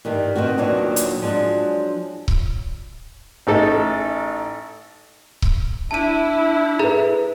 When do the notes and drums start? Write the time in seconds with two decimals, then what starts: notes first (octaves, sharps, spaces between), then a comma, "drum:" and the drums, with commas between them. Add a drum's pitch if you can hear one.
0.05 G2 D#3 G3
0.36 B2 D#3 C4 F#4
0.58 D#2 A#2 F#3 B3 D4
0.96 drum: hi-hat
1.22 F3 F#3 G#3 D4
2.28 drum: kick C#1
3.47 A1 D#4 A4
5.42 drum: kick C#1
5.91 D4 E4 A5 D#7
6.79 G#4 A4 B4 E5 A#5